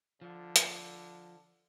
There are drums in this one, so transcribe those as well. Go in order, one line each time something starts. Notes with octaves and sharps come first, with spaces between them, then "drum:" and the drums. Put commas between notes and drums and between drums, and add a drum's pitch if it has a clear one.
D3 F3
drum: hi-hat